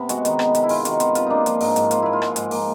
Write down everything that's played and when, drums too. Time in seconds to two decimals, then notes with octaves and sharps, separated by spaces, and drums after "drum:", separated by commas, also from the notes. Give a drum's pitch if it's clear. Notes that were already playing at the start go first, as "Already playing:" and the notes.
Already playing: C3 B3
0.09 G#3 F#4, drum: hi-hat
0.25 D#3, drum: hi-hat
0.39 B3, drum: rim click
0.55 C3, drum: hi-hat
0.63 E4
0.69 G#3 F4, drum: open hi-hat
0.85 D#3 F#4, drum: hi-hat
1.00 B3 F4, drum: hi-hat
1.15 C3 F4, drum: hi-hat
1.26 A#3 D4 D#4
1.46 F3, drum: hi-hat
1.61 G#2 D#4, drum: open hi-hat
1.76 G#2, drum: hi-hat
1.91 A#3 F4, drum: hi-hat
2.02 F3 E4
2.13 F4
2.22 G#2, drum: rim click
2.36 G#2, drum: hi-hat
2.51 A#3, drum: open hi-hat